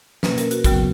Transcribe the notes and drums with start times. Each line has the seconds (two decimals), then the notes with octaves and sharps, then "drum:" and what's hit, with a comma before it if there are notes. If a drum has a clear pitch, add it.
0.23 B2 A#3 C#4 B4, drum: snare
0.38 A#4, drum: hi-hat
0.51 F#4, drum: hi-hat
0.64 D#2 C#3 F#3 B3 F#4, drum: kick, hi-hat